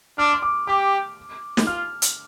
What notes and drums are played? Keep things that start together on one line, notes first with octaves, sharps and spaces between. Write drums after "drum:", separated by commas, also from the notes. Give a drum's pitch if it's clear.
D4 F6
C6
D6
G4 D6
drum: snare
F4 F6
drum: hi-hat